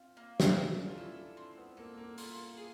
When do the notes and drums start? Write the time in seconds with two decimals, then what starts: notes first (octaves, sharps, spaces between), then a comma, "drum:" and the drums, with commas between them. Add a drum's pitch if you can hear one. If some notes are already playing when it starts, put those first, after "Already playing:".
Already playing: C4 F4
0.17 A#3
0.40 drum: snare
0.57 C#4 A4
0.77 D4
0.87 F4
0.97 E4 A4
1.37 C4
1.58 B3
1.77 A#3 A4
1.98 A#3
2.18 F4, drum: open hi-hat
2.57 G#4